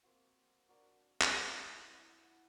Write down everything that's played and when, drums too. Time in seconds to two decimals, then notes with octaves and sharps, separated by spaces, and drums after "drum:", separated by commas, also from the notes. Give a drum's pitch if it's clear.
0.03 A#3 C4 F#4 F#5
0.68 D4 F#4 A#4 D5
1.22 drum: clap
1.35 E4
1.54 E4
2.02 E4
2.23 F#5 A5